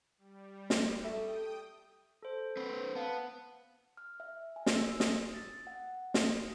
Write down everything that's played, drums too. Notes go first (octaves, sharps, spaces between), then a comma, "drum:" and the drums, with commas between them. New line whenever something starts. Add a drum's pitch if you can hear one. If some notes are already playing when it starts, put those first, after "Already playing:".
G3
drum: snare
A4 E5 G5 C#6 D#6
A4 C5
C4 B4
B3 F5 F#5 A5
F6
E5
G#5
drum: snare
E6
D#6, drum: snare
A6
F#5
D#6, drum: snare